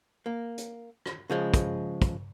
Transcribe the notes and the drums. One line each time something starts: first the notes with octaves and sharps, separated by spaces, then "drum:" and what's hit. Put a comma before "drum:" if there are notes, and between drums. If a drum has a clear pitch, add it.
A#3
drum: hi-hat
drum: rim click
C#3 F3 G#3
drum: kick, hi-hat
drum: kick, hi-hat